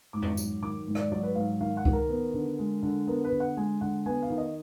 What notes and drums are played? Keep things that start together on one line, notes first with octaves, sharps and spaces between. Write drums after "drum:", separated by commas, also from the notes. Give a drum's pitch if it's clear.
G#2 D6
drum: tom F2
F#3, drum: tambourine
D#3 D6
G#2
D5, drum: rim click
F#3 D5
B4
G#2 F5
D#3 F5
F#5
D#3, drum: kick C#2
A#4
B3
D3
G#3
D3
B3 A#4
B4
D3
F#5
G#3 G#5
D3 F#5
B3 G#5
F5
D#3
D#5